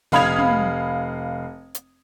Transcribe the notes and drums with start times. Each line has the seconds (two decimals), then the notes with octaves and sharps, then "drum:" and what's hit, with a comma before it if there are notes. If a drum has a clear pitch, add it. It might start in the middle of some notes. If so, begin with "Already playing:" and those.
0.12 F1 F5 B5 D#6 G#6 F7
0.39 drum: tom
1.75 drum: hi-hat